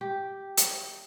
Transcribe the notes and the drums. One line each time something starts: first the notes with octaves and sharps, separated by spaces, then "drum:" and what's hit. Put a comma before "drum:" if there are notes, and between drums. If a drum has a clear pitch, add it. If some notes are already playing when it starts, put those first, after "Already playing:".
G4
drum: hi-hat